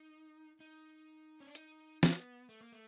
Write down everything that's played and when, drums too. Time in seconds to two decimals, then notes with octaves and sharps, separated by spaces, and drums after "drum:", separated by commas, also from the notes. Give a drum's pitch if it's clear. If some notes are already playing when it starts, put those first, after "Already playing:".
Already playing: D#4
0.60 D#4
1.40 C#4
1.47 D4
1.55 D#4, drum: hi-hat
2.03 B3, drum: snare
2.49 A3
2.61 A#3
2.73 A3